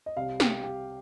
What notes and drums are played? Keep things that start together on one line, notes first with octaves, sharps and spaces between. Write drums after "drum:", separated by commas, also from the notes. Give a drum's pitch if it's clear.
D#5
C2 C3 G3 F5
G4, drum: snare
G4